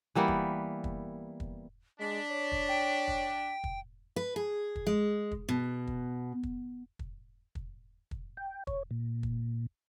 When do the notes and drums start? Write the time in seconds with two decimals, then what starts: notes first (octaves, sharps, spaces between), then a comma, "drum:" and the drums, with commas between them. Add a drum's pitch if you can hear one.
0.15 E3 G3 A#3 B3
0.28 drum: kick
0.84 drum: kick
1.40 drum: kick
2.00 G#3 D4 B6
2.31 C#5
2.52 drum: kick
2.69 G5
3.08 drum: kick
3.64 drum: kick
4.16 B4
4.36 G#4
4.76 drum: kick
4.87 G#3
5.31 drum: kick
5.49 B2
5.87 drum: kick
6.43 drum: kick
6.99 drum: kick
7.55 drum: kick
8.11 drum: kick
8.37 G5
8.67 C#5, drum: kick
8.91 A#2
9.23 drum: kick